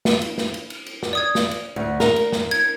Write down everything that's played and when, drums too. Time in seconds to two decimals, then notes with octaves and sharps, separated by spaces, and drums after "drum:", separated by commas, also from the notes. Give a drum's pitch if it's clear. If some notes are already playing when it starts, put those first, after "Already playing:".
0.05 drum: snare
0.22 drum: cymbal
0.38 drum: snare
0.54 drum: cymbal
0.70 drum: cymbal
0.86 drum: cymbal
1.03 drum: snare
1.13 D5 D#6 G#6
1.35 drum: snare
1.51 drum: cymbal
1.76 D2
2.00 A#4, drum: snare
2.16 drum: cymbal
2.32 drum: snare
2.51 G#6, drum: cymbal